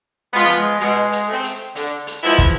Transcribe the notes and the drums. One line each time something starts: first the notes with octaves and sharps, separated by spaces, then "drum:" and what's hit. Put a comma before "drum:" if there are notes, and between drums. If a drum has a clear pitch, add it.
G#3 B3 F4
F3
G#3
B2 G#3, drum: hi-hat
drum: hi-hat
A3 C4
drum: hi-hat
D3, drum: hi-hat
drum: hi-hat
F3 G#3 B3 E4
drum: kick, hi-hat